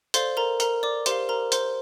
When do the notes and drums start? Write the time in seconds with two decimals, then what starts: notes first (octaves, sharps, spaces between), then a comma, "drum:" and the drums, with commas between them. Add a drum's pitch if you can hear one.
0.14 A4 C5 D5 F5 C6, drum: hi-hat
0.37 A#4 A#5
0.60 A#4 A#5, drum: hi-hat
0.83 D5 D6
1.06 G4 A#4 C5 F5 C6, drum: hi-hat
1.29 A#4 A#5
1.52 C5 C6, drum: hi-hat